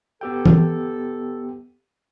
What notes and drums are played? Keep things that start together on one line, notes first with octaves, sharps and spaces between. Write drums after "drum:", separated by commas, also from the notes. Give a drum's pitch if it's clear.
B3 G4 A4 G5
drum: tom E3